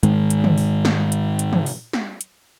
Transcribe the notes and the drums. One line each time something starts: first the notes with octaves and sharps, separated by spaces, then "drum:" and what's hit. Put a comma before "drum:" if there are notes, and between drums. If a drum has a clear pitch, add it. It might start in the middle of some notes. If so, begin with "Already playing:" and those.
G#2 D#3 G#3, drum: hi-hat
drum: hi-hat
drum: tom
drum: open hi-hat
drum: snare
drum: hi-hat
drum: hi-hat
drum: tom
drum: open hi-hat
drum: snare
drum: hi-hat